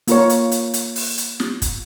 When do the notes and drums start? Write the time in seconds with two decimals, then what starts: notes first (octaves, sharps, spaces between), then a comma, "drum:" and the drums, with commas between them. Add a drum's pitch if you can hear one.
0.08 A#3 F4 A#4 C#5, drum: hi-hat
0.30 drum: hi-hat
0.52 drum: hi-hat
0.74 drum: hi-hat
0.96 drum: open hi-hat
1.18 drum: hi-hat
1.40 drum: snare
1.62 drum: kick, hi-hat